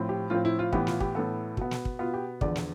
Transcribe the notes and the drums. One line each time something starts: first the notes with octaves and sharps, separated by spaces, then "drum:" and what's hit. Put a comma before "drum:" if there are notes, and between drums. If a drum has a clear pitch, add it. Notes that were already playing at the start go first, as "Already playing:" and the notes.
Already playing: A2 F3 C4
G4
A2 F3 C4 F4
E4
F4
A2 E3 B3 G4, drum: kick
F4, drum: snare
G4, drum: kick
A2 E3 B3 A4
B2 B3, drum: kick
drum: snare
drum: kick
B2 B3 F4
G4
E2 D3 F3 D5, drum: kick
drum: snare